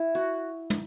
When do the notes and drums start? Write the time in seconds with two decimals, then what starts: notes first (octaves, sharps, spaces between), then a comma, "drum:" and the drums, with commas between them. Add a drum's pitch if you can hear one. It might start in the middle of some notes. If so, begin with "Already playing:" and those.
Already playing: E4
0.15 F#4
0.70 drum: tom